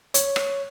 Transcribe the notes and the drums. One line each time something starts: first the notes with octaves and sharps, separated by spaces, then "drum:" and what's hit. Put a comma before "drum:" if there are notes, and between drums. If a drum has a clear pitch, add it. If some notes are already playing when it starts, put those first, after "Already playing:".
C#5, drum: hi-hat
drum: rim click